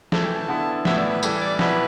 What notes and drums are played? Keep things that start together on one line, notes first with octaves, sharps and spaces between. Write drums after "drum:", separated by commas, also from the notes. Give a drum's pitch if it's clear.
E3 A3 E4 A5, drum: snare
G5
A5
D3 B3 E4
A2 E3 B3 E4 E5, drum: snare
D5
B4
E3 G3 E4 A4, drum: tambourine
D5
B2 B3 E4 B4, drum: snare